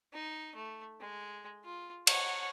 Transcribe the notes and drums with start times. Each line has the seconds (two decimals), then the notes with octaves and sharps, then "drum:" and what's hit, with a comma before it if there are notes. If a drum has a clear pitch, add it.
0.13 D#4
0.55 A3
1.00 G#3
1.65 F4
2.07 C#5 F#5, drum: cymbal